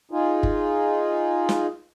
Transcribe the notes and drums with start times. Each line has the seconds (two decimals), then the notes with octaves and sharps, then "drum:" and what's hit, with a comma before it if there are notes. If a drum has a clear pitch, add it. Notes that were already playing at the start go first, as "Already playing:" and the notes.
0.11 D#4 F4 G#4
0.43 drum: kick
1.49 drum: snare